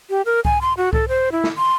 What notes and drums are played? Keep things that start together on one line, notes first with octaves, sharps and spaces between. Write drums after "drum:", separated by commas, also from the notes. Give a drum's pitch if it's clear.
G4
A#4
G#5, drum: kick C2
C6
F#4
A4, drum: kick C2
C5
E4
drum: snare
C6